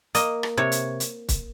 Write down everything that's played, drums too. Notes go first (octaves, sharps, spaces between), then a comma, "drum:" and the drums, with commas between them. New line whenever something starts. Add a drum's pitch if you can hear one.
A#3 D#5, drum: hi-hat
drum: rim click
C3 C#5
drum: hi-hat
drum: hi-hat
drum: kick, hi-hat